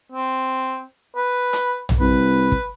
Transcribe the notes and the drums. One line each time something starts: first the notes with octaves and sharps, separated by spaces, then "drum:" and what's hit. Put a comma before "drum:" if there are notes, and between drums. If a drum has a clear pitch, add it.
C4
B4
drum: hi-hat
drum: tom A#1
C2 B4
drum: kick